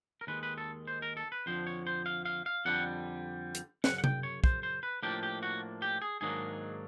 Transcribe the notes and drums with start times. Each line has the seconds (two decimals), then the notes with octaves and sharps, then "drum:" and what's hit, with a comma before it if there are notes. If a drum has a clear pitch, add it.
0.21 A#4
0.27 D#2 D#3 G#3 B4
0.43 B4
0.58 A4
0.87 C5
1.02 A#4
1.17 A4
1.32 B4
1.46 F2 D3 F3 C5
1.67 C#5
1.87 C5
2.06 F5
2.25 F5
2.46 F5
2.65 F2 D3 G3 F#5
3.55 drum: hi-hat
3.84 F#2 C#3 F#5, drum: snare
3.98 F#5
4.04 G5, drum: tom C3
4.23 C#5
4.44 C5, drum: kick
4.63 C5
4.83 B4
5.03 A2 F3 A#3 D4 G4
5.23 G4
5.43 F#4
5.82 G4
6.02 G#4
6.21 G#2 D#3 F#3 A#3 D4 G#4